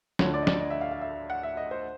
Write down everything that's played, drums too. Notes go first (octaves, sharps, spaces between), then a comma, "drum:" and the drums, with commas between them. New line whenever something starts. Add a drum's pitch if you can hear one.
D2 D3 F3 C#5, drum: snare
D5
D#5
D5, drum: snare
D#5
E5
F5
F5
E5
F#5
E5
D#5
C5